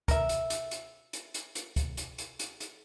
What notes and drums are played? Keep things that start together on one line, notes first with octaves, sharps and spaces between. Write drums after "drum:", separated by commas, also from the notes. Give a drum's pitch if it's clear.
A#4 E5, drum: kick, hi-hat
drum: hi-hat
drum: hi-hat
drum: hi-hat
drum: hi-hat
drum: hi-hat
drum: hi-hat
drum: kick, hi-hat
drum: hi-hat
drum: hi-hat
drum: hi-hat
drum: hi-hat